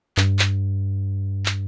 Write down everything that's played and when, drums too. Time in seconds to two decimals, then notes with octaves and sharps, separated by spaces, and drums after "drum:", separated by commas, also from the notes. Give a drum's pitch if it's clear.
0.17 G2, drum: clap
0.39 drum: clap
1.46 drum: clap